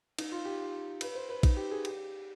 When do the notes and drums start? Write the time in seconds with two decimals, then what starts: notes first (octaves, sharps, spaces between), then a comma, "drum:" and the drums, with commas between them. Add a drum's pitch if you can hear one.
0.18 D#4, drum: cymbal
0.32 F4
0.45 G4
1.01 B4, drum: cymbal
1.15 C5
1.29 B4
1.43 D#4, drum: kick A#1, cymbal
1.57 G4
1.71 G#4
1.85 G4, drum: cymbal